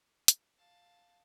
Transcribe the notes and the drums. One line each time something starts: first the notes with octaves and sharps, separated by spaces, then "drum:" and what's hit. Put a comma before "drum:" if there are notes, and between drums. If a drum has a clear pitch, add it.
drum: hi-hat
F5 A5